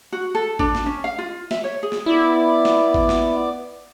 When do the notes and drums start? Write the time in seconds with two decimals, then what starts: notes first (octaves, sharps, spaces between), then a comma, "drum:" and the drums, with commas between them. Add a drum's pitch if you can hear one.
0.12 F#4
0.35 A4
0.59 D4, drum: kick G#1
0.75 drum: snare
0.86 C#4
1.04 F5
1.18 F4
1.51 E5, drum: snare
1.64 C#5
1.83 G#4
1.92 drum: snare
2.06 B3 E4 D5
2.65 drum: snare
2.94 drum: kick G#1
3.09 drum: snare